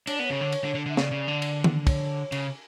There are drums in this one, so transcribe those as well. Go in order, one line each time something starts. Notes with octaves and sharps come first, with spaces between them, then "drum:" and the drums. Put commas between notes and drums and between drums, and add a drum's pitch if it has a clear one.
D4 C#5, drum: cymbal
B3 D5
C#5
C#3
D3
drum: cymbal
D3
D3
D3 E5
C#3 D5, drum: snare
C#3
D3
drum: cymbal
drum: tom D#3
C#5, drum: kick, cymbal
C#3, drum: cymbal